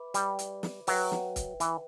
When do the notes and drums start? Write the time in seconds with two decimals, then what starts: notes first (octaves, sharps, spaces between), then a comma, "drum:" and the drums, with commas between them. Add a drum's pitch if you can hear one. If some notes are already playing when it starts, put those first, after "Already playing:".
Already playing: B4 E5 B5 D6
0.14 G3, drum: hi-hat
0.39 drum: hi-hat
0.63 drum: snare
0.87 F#3 B4 E5 G5, drum: open hi-hat
1.12 drum: snare
1.36 drum: kick, hi-hat
1.60 E3, drum: hi-hat